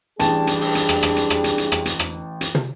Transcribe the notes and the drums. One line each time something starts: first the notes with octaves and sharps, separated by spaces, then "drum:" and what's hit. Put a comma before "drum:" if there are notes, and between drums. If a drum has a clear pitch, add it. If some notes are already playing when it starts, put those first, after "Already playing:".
A1 G3 D4 G#4 A5, drum: hi-hat
drum: hi-hat
drum: open hi-hat
drum: hi-hat
drum: rim click
drum: rim click
drum: hi-hat
drum: rim click
drum: hi-hat
drum: hi-hat
drum: rim click
drum: hi-hat
drum: rim click
drum: hi-hat
drum: tom